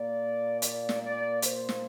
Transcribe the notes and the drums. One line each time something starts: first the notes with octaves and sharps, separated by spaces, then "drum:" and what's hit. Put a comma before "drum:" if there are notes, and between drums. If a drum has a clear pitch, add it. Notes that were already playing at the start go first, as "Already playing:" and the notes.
Already playing: A#2 A#3 D5
D5, drum: hi-hat
drum: snare
D5
C5, drum: hi-hat
drum: snare